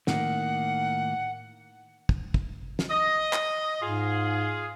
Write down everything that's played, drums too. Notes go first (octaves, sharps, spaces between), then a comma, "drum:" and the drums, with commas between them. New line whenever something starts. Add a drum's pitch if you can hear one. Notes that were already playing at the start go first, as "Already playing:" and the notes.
A2 D#3 A#3 F#5, drum: snare
drum: kick
drum: kick
drum: snare
D#5
drum: clap
G#2 F4 G#4